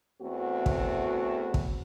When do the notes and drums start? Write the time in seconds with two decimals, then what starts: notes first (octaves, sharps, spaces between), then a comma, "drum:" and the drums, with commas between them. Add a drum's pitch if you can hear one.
0.22 E2 A3 C4 F#4
0.66 drum: kick
1.54 drum: kick